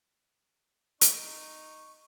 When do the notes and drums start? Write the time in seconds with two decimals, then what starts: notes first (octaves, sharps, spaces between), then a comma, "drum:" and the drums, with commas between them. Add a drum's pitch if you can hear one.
1.01 D#4 C#6, drum: hi-hat